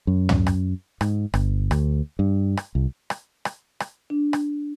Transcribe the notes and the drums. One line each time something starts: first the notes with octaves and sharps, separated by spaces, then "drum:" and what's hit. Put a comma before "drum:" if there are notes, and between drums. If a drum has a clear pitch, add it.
F#2
drum: tom
drum: rim click
G#2, drum: rim click
G1, drum: rim click
D2, drum: rim click
G2
drum: rim click
C2
drum: rim click
drum: rim click
drum: rim click
D4
drum: rim click